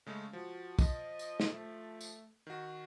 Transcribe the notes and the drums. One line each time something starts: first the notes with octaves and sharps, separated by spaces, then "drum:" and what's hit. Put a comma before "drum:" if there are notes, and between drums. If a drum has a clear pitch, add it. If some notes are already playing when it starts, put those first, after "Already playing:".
C#3 G#3 A3
F3 F#4
D#5, drum: kick, tambourine
drum: tambourine
drum: snare
A3
drum: tambourine
D#3 F#4